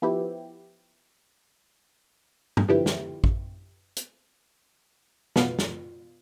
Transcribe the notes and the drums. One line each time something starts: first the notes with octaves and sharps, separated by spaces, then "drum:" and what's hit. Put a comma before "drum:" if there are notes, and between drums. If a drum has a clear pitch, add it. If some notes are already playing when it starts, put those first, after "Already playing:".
F3 B3 E4 G4
drum: tom G2
D3 F3 B3 E4 G4
drum: snare
drum: kick A1
drum: hi-hat
B2 B3 F4, drum: snare
drum: snare